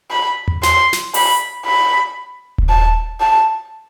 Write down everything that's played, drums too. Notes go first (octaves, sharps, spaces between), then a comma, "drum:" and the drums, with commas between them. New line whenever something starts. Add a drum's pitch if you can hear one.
B5
drum: tom E2
C6, drum: snare
drum: snare
B5, drum: open hi-hat
B5
drum: kick D#1
A5
A5